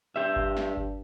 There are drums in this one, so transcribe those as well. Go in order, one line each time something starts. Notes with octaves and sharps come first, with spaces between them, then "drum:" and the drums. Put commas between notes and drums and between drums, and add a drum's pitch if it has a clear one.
G2 G4 E5
drum: kick G1
drum: snare
drum: kick G1